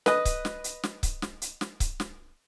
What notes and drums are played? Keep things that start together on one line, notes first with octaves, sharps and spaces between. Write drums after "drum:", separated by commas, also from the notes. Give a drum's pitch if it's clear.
B4 D#5, drum: snare
drum: kick C#1, hi-hat
drum: snare
drum: hi-hat
drum: snare
drum: kick C#1, hi-hat
drum: snare
drum: hi-hat
drum: snare
drum: kick C#1, hi-hat
drum: snare